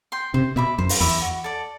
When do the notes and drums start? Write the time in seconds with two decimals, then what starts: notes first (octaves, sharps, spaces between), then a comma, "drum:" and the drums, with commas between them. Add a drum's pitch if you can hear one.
0.12 G5 C6
0.34 C3 C5
0.56 B2 E5 B5 D6
0.79 F#2 C5
0.89 drum: open hi-hat
1.00 E2 E5 B5 D6
1.22 F#4
1.44 A4 D5